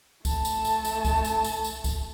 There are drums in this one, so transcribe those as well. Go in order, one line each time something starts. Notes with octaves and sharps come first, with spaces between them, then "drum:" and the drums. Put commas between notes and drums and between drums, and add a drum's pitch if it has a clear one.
A3 A5, drum: kick C2, tambourine
drum: tambourine
drum: tambourine
drum: tambourine
drum: kick C2, tambourine
drum: tambourine
drum: tambourine
drum: tambourine
drum: kick C2, tambourine